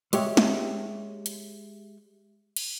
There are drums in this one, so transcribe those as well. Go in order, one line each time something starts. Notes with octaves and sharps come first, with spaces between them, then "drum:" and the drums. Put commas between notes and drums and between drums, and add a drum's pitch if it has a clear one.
G#3 G4 C#5 E5, drum: hi-hat
drum: snare
drum: hi-hat
drum: cymbal